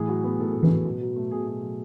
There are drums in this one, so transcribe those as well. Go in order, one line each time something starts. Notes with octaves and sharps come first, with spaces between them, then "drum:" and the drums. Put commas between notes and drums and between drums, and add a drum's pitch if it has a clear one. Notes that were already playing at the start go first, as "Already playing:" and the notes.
Already playing: A2 E3 G#4
F#3 F#4
B3 G#4
A2 A4
A2 A4
B4, drum: tom E3
F#3
B2
F#3
A3
B2 G#4
B2 G#4
F#3